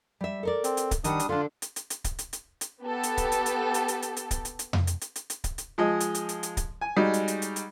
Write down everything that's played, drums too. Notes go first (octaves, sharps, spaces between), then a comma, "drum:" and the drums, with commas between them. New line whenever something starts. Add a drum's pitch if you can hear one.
G3 E5
A4 A#4 D5
C4, drum: hi-hat
drum: hi-hat
drum: kick C#1, hi-hat
D#3 G3 D4 D5 F#5 D#6, drum: hi-hat
drum: hi-hat
D3 D4 F4
drum: hi-hat
drum: hi-hat
drum: hi-hat
drum: kick C#1, hi-hat
drum: hi-hat
drum: hi-hat
drum: hi-hat
B3 G4 A4
drum: hi-hat
drum: kick C#1, hi-hat
drum: hi-hat
drum: hi-hat
drum: hi-hat
drum: hi-hat
drum: hi-hat
drum: hi-hat
drum: kick C#1, hi-hat
drum: hi-hat
drum: hi-hat
drum: tom F2
drum: hi-hat
drum: hi-hat
drum: hi-hat
drum: hi-hat
drum: kick C#1, hi-hat
drum: hi-hat
F3 G#3 D#5
drum: hi-hat
drum: hi-hat
drum: hi-hat
drum: hi-hat
drum: kick C#1, hi-hat
G#5
G3 G#3 D#4 F#4
drum: hi-hat
drum: hi-hat
drum: hi-hat
drum: hi-hat